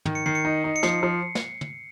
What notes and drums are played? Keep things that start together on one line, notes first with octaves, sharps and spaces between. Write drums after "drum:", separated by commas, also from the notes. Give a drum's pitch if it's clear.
D#3, drum: tom
C#7
D#3 C7
C#7
D#4
D#4
C#7
F3 C7, drum: snare
F3
drum: snare
drum: tom